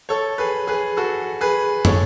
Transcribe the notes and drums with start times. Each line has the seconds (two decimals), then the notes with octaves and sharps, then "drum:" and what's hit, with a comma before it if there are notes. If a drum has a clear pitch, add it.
0.09 A4 C#5
0.38 G#4 B4
0.67 G#4 B4
0.97 F#4 A4
1.41 G#4 B4
1.85 A4 C#5, drum: tom